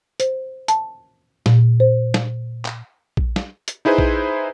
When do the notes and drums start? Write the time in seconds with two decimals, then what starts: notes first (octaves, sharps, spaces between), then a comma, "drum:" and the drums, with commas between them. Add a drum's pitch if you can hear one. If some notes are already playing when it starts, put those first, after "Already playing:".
0.20 C5, drum: hi-hat
0.68 A5, drum: hi-hat
1.46 A#2, drum: snare
1.80 C5
2.14 drum: snare
2.65 drum: clap
3.17 drum: kick A#1
3.36 drum: snare
3.68 drum: hi-hat
3.85 D#4 E4 G#4 B4 C5
3.98 drum: kick A#1